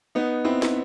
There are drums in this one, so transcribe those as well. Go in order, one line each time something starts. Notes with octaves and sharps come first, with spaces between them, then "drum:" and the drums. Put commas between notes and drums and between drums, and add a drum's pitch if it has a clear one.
B3 D#4
C4 E4
drum: snare